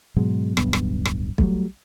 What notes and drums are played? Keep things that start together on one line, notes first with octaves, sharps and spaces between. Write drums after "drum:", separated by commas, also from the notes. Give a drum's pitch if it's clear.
G#2 B2 F#3 G#3
D1 B1 G2 B3, drum: rim click
drum: rim click
drum: rim click
F#3 G3 A3, drum: kick